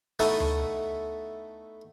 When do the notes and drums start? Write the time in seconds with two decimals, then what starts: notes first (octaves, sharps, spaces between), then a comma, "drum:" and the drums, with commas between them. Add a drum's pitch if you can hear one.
0.19 A3 B3 D#4 E4 A4 C#6, drum: open hi-hat
0.40 drum: tom D2